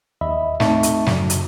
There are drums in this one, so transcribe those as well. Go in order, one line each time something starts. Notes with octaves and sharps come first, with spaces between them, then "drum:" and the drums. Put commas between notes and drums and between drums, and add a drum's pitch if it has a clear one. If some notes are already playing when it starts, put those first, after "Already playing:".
D#2 D#5 E5 B5
A3 C4 D#4 E5 A5 C#6, drum: snare
drum: hi-hat
F#2 C#3 F#3, drum: snare
drum: hi-hat